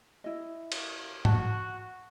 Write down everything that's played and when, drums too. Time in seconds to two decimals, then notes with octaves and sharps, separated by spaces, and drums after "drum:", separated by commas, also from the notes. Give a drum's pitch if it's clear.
0.24 E4 D#5
0.72 drum: cymbal
1.25 F#4 A5, drum: tom G#2